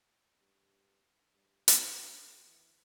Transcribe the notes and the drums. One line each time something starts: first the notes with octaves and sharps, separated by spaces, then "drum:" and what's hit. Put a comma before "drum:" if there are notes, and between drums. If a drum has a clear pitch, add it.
G2
G2
A2, drum: hi-hat
D3
E3